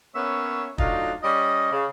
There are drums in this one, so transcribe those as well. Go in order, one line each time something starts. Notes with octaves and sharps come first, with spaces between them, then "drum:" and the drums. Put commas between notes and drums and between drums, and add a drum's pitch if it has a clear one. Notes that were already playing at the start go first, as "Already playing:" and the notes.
A#3 B3 C#4 C#5 E5
F#3 A3 D4 D#4 F4, drum: kick
G3 C#4 D5 D#5
C#3